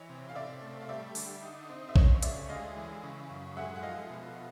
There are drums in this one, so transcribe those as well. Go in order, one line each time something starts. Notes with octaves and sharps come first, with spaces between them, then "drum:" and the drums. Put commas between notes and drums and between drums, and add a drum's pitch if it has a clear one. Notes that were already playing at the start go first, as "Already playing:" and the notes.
Already playing: E3 C#5 D#5
C3
F5
C3 D5 E5
A3
F5
G3 D5 E5
D3, drum: open hi-hat
D#4
C4
E5
C#3 C#5 D#5, drum: kick A#1
D2 D5 E5, drum: hi-hat
G#3 D#5 F5
E3
C#3
F#2
G#3 E5 F#5
F#5
F3 D#5 F5
B2